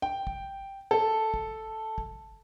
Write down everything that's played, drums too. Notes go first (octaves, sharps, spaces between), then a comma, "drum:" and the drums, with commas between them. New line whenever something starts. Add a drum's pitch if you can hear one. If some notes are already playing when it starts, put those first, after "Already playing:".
G5
drum: kick
A4
drum: kick
drum: kick